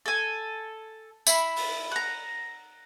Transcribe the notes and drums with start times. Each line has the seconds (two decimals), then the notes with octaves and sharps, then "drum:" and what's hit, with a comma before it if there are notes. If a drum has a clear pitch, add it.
0.06 A4 G#5
1.27 E4 B5, drum: tambourine
1.56 drum: open hi-hat
1.92 F#5 A#5